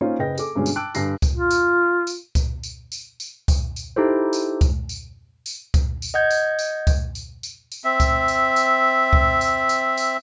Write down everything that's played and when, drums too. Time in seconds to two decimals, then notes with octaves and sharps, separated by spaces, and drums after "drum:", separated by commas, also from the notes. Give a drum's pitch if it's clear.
0.01 A#3 C#4 D#4 F4 C5 C#5
0.19 F#1 G#4 B4 D#5 G5 A#6
0.38 G#4 A4 D6, drum: tambourine
0.55 G2 B2 D3 G#3 C#4
0.66 drum: tambourine
0.76 G5 A5 D6 E6 F#6 D7
0.95 G2 D3 G#5 A#6 C7, drum: tambourine
1.22 drum: kick C#2, tambourine
1.35 F4
1.51 drum: tambourine
2.07 drum: tambourine
2.35 drum: kick C#2, tambourine
2.63 drum: tambourine
2.92 drum: tambourine
3.20 drum: tambourine
3.48 drum: kick C#2, tambourine
3.76 drum: tambourine
3.96 D#4 E4 G4 A4 C5
4.33 drum: tambourine
4.61 drum: kick C#2, tambourine
4.89 drum: tambourine
5.46 drum: tambourine
5.74 drum: kick C#2, tambourine
6.02 drum: tambourine
6.14 D#5 F#5 G6 G#6
6.30 drum: tambourine
6.59 drum: tambourine
6.87 drum: kick C#2, tambourine
7.15 drum: tambourine
7.43 drum: tambourine
7.72 drum: tambourine
7.84 C4 E5
8.00 drum: kick C#2, tambourine
8.28 drum: tambourine
8.56 drum: tambourine
9.13 drum: kick C#2
9.41 drum: tambourine
9.69 drum: tambourine
9.97 drum: tambourine